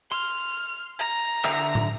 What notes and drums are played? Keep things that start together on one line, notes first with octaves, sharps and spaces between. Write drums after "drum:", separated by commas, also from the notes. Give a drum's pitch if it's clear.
C6 F6
A#5
D3 E5 E6, drum: clap
drum: tom A2